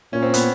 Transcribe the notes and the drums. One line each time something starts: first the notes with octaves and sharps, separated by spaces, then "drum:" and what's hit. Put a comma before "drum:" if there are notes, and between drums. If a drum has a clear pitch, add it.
A#2 C#4
C4
B3, drum: hi-hat